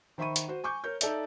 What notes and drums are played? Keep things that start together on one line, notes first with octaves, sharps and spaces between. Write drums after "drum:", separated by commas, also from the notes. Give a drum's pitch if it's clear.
D#3 C5 E5 B5 C#6 D#7
drum: hi-hat
F#4 C5
G#5 C#6 D6 G6
A#4 C#5 G6
D#4 A4 D5 E5, drum: hi-hat